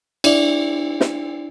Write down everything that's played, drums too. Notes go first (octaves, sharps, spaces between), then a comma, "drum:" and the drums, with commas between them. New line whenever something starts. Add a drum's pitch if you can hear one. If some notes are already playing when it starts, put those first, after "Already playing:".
D4 E4 D5, drum: cymbal
drum: snare